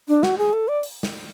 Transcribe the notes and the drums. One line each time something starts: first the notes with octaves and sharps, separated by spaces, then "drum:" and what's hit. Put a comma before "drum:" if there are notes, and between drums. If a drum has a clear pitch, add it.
D4
F#4, drum: snare
G#4
A4
D5
drum: open hi-hat
drum: snare